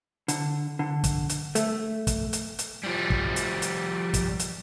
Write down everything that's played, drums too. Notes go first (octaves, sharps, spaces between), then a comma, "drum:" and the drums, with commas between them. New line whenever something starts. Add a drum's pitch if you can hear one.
D3, drum: hi-hat
D3
drum: kick, hi-hat
drum: hi-hat
A3, drum: hi-hat
drum: kick, hi-hat
drum: hi-hat
drum: hi-hat
F3 G3
drum: kick
drum: hi-hat
drum: hi-hat
drum: kick, hi-hat
drum: hi-hat